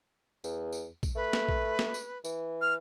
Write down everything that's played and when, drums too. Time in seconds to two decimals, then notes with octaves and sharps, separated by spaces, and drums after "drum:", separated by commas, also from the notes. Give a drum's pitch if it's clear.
0.44 E2, drum: tambourine
0.73 drum: tambourine
1.03 drum: kick, tambourine
1.16 A3 B4
1.33 drum: snare
1.49 drum: kick
1.79 drum: snare
1.94 drum: tambourine
2.25 E3, drum: tambourine
2.61 F6